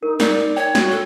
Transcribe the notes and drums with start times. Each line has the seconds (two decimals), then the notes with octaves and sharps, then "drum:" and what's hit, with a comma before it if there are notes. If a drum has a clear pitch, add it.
0.03 D#4 A#4
0.20 D#4 A#4 D5, drum: snare
0.57 C#5 G5
0.75 F#4, drum: snare
0.91 A4